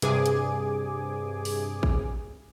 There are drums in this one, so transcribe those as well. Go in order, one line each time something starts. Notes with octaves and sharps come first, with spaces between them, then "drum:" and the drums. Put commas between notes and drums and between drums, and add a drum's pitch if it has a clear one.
G2 C3 G#4 G#5 D6, drum: hi-hat
drum: hi-hat
drum: open hi-hat
drum: kick